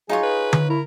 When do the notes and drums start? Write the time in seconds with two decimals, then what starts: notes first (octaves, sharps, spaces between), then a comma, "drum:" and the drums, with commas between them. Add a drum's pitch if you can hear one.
0.09 F#3 D#4 F4 G#4 C#5
0.23 B4
0.53 drum: tom D3
0.70 E4 A#4